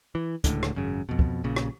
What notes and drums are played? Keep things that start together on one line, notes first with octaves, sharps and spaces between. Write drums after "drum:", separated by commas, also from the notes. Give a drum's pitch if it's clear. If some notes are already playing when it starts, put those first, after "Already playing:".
E3
D1 C#2 A2 D3, drum: kick, hi-hat
drum: rim click
G#1 F#2 C#3
F2 B2
drum: kick
A#1 A#2 C#3
drum: rim click